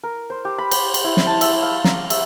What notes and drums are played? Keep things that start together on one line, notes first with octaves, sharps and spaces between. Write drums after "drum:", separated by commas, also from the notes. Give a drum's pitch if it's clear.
A#4
C5
G4
B5
C5, drum: cymbal
drum: cymbal
E4
drum: snare
A5
E5, drum: cymbal
F5
A#5, drum: snare
E5, drum: cymbal